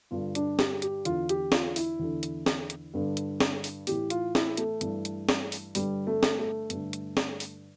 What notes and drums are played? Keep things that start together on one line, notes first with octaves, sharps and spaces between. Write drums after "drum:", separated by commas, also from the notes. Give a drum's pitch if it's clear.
G2 D3 F4
D4, drum: hi-hat
G4, drum: snare
G4, drum: hi-hat
E2 D3 F4, drum: hi-hat
G4, drum: hi-hat
F4, drum: snare
E4, drum: open hi-hat
E2 D3
drum: hi-hat
drum: snare
drum: hi-hat
G2 D3
drum: hi-hat
drum: snare
drum: open hi-hat
A2 E3 G4, drum: open hi-hat
F4, drum: hi-hat
E4, drum: snare
A3, drum: hi-hat
G2 E3, drum: hi-hat
drum: hi-hat
drum: snare
drum: open hi-hat
G2 D3 G3, drum: open hi-hat
A3
drum: snare
A3
G2 D3, drum: hi-hat
drum: hi-hat
drum: snare
drum: open hi-hat